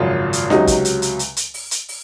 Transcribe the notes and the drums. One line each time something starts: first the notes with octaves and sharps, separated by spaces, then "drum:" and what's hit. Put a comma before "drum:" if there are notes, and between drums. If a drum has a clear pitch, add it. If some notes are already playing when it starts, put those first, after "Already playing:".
Already playing: G#1 F#2 C#3 F3 F4
drum: hi-hat
C#2 C3 F#3 D#4, drum: snare
drum: kick, hi-hat
drum: hi-hat
drum: hi-hat
drum: hi-hat
drum: hi-hat
drum: open hi-hat
drum: hi-hat
drum: open hi-hat